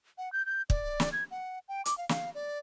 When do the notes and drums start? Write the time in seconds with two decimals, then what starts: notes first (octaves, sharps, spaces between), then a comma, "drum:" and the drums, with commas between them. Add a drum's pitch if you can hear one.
0.18 F#5
0.33 G6
0.46 G6
0.70 D5, drum: kick
1.00 drum: snare
1.13 G#6
1.31 F#5
1.68 G5
1.85 D6, drum: hi-hat
1.98 F5
2.09 F5, drum: snare
2.35 D5